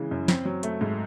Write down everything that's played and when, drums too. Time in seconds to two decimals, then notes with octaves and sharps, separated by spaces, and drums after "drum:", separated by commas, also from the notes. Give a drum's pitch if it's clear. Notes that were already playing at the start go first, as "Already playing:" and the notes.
Already playing: C#3 E3 G#3
0.11 F#2
0.28 C4, drum: snare
0.45 F#3
0.63 A3, drum: hi-hat
0.81 G#2